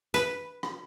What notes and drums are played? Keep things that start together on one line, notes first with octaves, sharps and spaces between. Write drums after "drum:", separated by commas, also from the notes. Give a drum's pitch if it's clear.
B4, drum: hi-hat
drum: rim click